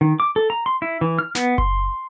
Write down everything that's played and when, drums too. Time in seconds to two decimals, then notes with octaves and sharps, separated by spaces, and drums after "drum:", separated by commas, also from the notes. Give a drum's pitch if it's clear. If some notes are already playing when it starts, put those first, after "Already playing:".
0.01 D#3
0.20 D6
0.36 A4
0.50 A#5
0.66 C6
0.82 E4
1.01 E3
1.19 F6
1.35 B3, drum: snare
1.58 C6, drum: kick F#1